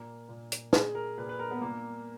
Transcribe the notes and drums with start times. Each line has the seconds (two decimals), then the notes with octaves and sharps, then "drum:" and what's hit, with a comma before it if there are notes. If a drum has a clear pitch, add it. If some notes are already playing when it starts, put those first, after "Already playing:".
Already playing: A#2 A#3
0.28 A#2
0.52 drum: hi-hat
0.73 A#2 G#4, drum: snare
0.95 A#4
1.18 A#2 B4
1.29 B4
1.39 A#4
1.51 B3
1.61 A#2 A#3